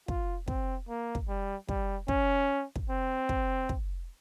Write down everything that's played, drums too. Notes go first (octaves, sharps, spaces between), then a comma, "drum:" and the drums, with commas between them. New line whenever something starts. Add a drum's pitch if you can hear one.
F4, drum: kick
C4, drum: kick
A#3
drum: kick
G3
G3, drum: kick
C#4, drum: kick
drum: kick
C4
drum: kick
drum: kick